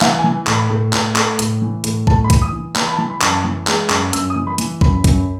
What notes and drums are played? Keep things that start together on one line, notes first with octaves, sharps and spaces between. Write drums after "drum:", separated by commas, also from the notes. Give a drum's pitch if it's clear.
E3 F#5, drum: clap
G#5
E3
A2, drum: clap
B5
A2
A2, drum: clap
A3, drum: clap
A2, drum: hi-hat
E3
A2, drum: hi-hat
A2 A5, drum: kick
B5
E3, drum: kick, hi-hat
D#6
E3
E3 B5, drum: clap
B5
A5
E3
B5
F#2, drum: clap
A5
E3
G#3, drum: clap
F#2, drum: clap
F#2 E6, drum: hi-hat
D#6
E3
B5
E3, drum: hi-hat
F#2 B5, drum: kick
F#2, drum: kick, hi-hat